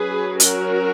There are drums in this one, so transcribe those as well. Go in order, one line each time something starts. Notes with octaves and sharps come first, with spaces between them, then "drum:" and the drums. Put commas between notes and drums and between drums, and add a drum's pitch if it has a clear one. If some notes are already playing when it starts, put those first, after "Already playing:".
Already playing: F#3 C#4 G#4 B4
F#4 A#4, drum: hi-hat